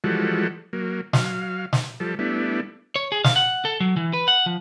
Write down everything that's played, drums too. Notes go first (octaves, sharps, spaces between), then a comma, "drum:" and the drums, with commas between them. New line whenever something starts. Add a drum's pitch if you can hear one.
E3 F3 G3 G#3 F#4 A4
F#3 A#3
F#3 F5, drum: snare
drum: snare
F3 G3 A4
G3 A3 B3 D4 E4
C#5
G#4
F5, drum: snare
F#5
A4
F#3
E3
B4
F#5
F3